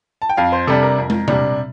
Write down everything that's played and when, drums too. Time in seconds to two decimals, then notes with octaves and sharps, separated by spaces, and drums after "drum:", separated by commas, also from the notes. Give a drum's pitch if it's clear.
0.22 A5
0.29 G5
0.37 F2 F5
0.52 C5
0.67 C3 G3 D4 A4
0.83 A#4
0.98 F2
1.10 drum: tom
1.28 C3 G3 D4, drum: tom C3